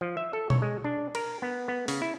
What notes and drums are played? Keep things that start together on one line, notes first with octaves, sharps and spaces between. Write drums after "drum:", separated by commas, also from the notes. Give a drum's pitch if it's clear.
F3
E5
A4
C#5, drum: tom B2
G#3
D4
A#4, drum: cymbal
B3
B3
C#3, drum: open hi-hat
E4